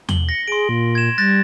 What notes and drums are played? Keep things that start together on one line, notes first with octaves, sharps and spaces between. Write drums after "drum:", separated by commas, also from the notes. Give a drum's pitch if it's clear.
F#7 G7, drum: tom E2
A#6 C#7
G#4 C6 D7
A#2
G#6 E7
G3 F#6 A6 A#6